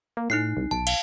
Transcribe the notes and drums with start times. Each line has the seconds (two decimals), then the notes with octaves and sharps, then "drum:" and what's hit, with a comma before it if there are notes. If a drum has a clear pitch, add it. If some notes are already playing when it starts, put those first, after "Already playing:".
0.17 A#3
0.30 A2 D#4 F#6 C7
0.57 C2
0.71 B1 A5
0.87 F5, drum: cymbal